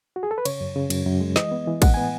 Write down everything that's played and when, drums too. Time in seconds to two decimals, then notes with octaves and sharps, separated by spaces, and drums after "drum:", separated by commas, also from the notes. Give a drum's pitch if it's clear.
0.16 F#4
0.23 G#4
0.31 A4
0.38 B4
0.45 C#3 C#5, drum: cymbal
0.61 F#2
0.76 C#3
0.90 F#2, drum: cymbal
1.06 F#2
1.20 G#3
1.36 E3 D#5, drum: snare
1.52 B3
1.67 E3
1.82 A2 F#5, drum: kick, cymbal
1.94 B3 G#5